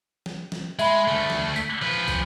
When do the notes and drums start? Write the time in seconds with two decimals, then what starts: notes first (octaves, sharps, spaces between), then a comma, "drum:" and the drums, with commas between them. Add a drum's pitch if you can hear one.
0.26 drum: snare
0.52 drum: snare
0.79 G#3 E5 B5, drum: tambourine
1.08 D2 A3
1.30 drum: snare
1.56 B6, drum: tambourine
1.82 F3 B4
2.08 drum: kick, tambourine